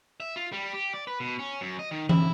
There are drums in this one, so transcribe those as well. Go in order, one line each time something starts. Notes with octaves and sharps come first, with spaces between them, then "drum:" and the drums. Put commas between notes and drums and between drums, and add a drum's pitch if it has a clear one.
E5
F4
G3
G4
D5
B4
B2
C#4
F#2
D#5
D#3
E4, drum: tom E3